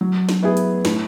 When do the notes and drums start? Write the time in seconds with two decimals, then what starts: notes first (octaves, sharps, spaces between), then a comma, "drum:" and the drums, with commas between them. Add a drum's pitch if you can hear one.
0.01 F#3
0.29 drum: snare
0.43 B3 E4 G#4
0.57 drum: hi-hat
0.85 A2, drum: snare